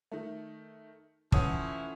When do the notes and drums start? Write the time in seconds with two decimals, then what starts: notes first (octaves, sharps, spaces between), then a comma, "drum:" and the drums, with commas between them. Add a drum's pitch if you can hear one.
0.12 D#3 A3
1.32 E3 F3 A3 C#4 E4 C#5 F#5 D#6, drum: kick